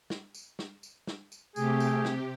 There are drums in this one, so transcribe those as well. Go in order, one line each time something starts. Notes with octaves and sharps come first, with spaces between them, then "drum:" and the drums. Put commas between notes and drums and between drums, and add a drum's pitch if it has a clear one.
drum: snare
drum: tambourine
drum: snare
drum: tambourine
drum: snare
drum: tambourine
C3 A3 G4 G#4, drum: tambourine
drum: tambourine
drum: snare